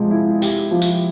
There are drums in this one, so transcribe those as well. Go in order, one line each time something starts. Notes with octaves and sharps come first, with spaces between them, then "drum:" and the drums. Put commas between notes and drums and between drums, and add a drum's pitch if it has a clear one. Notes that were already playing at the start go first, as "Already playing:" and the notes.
Already playing: C3 F3 G#3
E4
G4, drum: tambourine
F3
drum: tambourine